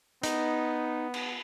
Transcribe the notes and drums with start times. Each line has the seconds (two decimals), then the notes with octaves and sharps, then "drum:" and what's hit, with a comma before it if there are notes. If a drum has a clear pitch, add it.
0.23 B3 D#4, drum: hi-hat
1.14 drum: cymbal